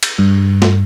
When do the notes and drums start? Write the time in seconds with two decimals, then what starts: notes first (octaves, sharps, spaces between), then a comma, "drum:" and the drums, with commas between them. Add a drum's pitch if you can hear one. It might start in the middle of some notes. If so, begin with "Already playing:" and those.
0.03 drum: cymbal
0.18 G2
0.62 drum: snare